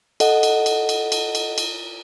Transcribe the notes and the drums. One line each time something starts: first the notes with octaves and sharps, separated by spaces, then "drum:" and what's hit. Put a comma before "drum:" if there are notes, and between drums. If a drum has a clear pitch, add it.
A4 D#5 F#5, drum: cymbal
drum: cymbal
drum: cymbal
drum: cymbal
drum: cymbal
drum: cymbal
drum: cymbal